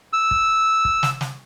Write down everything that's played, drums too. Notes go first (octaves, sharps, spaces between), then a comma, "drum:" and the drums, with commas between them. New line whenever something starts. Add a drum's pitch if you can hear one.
E6
drum: kick
drum: kick
drum: snare
drum: snare